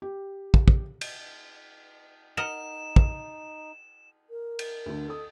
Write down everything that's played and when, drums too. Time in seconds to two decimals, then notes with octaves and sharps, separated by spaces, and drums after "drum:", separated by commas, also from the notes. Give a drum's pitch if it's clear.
0.02 G4
0.54 drum: kick
0.68 drum: kick
1.01 drum: cymbal
2.37 D#4 A#4 D#5 F#5 E7
2.96 drum: kick
4.30 A#4
4.59 drum: cymbal
4.86 D2 D3
5.08 A4 D#6